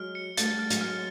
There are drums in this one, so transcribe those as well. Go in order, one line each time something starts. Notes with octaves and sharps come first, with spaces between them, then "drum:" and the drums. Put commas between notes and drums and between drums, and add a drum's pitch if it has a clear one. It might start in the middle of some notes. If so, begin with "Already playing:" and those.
Already playing: F#3 G#3 F6
C#7
G3 A3 A6, drum: hi-hat
F6
F#3 G#3, drum: hi-hat
F6